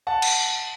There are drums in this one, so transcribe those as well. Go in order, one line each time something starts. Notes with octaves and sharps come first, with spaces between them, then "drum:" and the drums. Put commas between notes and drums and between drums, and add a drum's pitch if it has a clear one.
F#5 A5
drum: cymbal